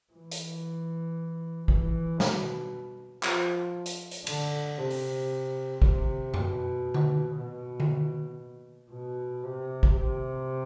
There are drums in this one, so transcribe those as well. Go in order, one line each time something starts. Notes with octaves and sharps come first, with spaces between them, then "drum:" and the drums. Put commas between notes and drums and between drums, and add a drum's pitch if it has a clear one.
E3
drum: hi-hat
E3, drum: kick
B2, drum: snare
F3, drum: clap
drum: hi-hat
drum: hi-hat
D3, drum: cymbal
C3
drum: open hi-hat
C3, drum: kick
B2, drum: tom F#2
drum: tom D3
B2
drum: tom D3
B2
C3
drum: kick
C3